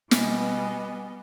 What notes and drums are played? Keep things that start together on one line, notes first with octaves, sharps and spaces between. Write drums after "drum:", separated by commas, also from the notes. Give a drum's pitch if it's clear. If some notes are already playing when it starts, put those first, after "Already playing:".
B2 G3 B3 D#5 G#5, drum: snare